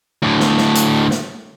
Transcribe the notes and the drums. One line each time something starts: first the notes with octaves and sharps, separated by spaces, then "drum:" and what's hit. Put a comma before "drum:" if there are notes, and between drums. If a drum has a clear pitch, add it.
D2 A2
drum: snare
drum: snare
drum: hi-hat
drum: snare